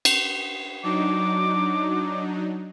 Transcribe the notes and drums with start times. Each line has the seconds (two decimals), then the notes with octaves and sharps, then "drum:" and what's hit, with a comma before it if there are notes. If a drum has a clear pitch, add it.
0.05 drum: cymbal
0.83 F#3 D4 D#4 D6